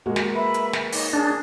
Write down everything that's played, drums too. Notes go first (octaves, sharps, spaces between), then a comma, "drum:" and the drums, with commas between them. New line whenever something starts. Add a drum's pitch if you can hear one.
G#3 A#3 F#4
drum: snare
B4 E5 B5
drum: hi-hat
drum: snare
D#4 C#5, drum: open hi-hat
D4 G#4